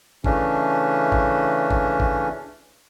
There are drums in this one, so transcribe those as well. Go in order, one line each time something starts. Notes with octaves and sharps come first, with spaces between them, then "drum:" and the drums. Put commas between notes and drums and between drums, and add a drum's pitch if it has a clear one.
C#3 E3 A3 C#4 D4, drum: kick
drum: kick
drum: kick
drum: kick